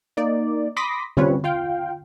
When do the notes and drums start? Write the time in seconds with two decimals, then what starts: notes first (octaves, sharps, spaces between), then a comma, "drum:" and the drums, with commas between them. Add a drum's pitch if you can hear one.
0.17 A#3 D#4 D5
0.76 B5 C6 D6 D#6 A#6 B6
1.17 G3 C4 C#4 F4 B4 C#5, drum: tom D3
1.44 F4 F5 G5